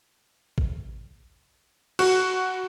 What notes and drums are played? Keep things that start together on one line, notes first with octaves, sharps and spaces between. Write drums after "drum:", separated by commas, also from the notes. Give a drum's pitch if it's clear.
drum: kick A1
F#4, drum: cymbal